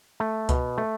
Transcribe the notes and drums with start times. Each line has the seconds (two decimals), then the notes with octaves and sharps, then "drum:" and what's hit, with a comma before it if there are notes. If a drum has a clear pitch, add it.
0.20 A3
0.49 B2, drum: kick C#2, hi-hat
0.78 A3